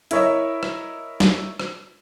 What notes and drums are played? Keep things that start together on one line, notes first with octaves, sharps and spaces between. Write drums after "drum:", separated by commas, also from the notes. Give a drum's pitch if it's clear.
E4 A#4 C#5 D#5 E5, drum: hi-hat
drum: rim click
drum: snare
drum: rim click